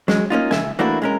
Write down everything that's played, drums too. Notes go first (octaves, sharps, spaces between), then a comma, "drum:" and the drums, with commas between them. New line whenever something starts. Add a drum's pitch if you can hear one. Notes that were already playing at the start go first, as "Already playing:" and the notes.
F#3 G#3, drum: snare
A#3 C#4 D#4 F4
C#2 E5 G#5, drum: snare
E3 A3 A#3 D4 E4 F#4
G#3 C#4 A#4